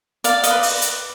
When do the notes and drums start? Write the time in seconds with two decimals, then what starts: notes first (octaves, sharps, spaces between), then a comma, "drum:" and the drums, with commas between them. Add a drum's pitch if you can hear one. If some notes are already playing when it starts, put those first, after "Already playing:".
0.24 D5 F5, drum: hi-hat
0.44 D#5, drum: hi-hat
0.51 B4
0.63 drum: open hi-hat
0.82 drum: hi-hat